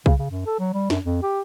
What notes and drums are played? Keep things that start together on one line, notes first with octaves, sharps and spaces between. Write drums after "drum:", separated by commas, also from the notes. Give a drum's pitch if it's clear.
C#3, drum: kick C2
C#3
F#2
A4
F#3
G3
F#2, drum: snare D4
F2
G4